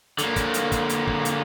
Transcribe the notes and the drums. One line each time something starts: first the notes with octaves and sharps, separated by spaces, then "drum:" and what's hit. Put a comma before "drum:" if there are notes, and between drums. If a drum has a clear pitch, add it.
D3 A#3, drum: hi-hat
drum: kick, hi-hat
drum: hi-hat
drum: kick, hi-hat
drum: hi-hat
drum: kick
drum: hi-hat